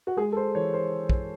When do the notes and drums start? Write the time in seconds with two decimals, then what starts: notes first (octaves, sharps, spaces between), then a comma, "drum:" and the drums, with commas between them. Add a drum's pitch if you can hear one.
0.07 F#4
0.17 G#3 G#4
0.32 A4
0.37 C5
0.55 E3 C#5
0.74 C5
1.09 drum: kick